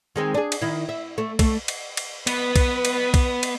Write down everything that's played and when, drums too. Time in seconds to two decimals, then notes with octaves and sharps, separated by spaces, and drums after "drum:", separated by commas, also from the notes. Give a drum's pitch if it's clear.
0.16 D#3 G#3 C4
0.34 D4 G#4
0.52 drum: cymbal
0.61 D#3 E4
0.89 E5
1.18 A3
1.39 A3, drum: kick B1, cymbal
1.68 drum: cymbal
1.97 drum: cymbal
2.27 B3 B4, drum: cymbal
2.56 drum: kick B1, cymbal
2.85 drum: cymbal
3.14 drum: kick B1, cymbal
3.43 drum: cymbal